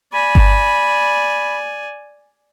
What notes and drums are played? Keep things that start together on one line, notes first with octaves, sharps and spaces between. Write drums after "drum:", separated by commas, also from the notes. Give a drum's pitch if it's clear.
D5 G#5 B5
drum: kick G1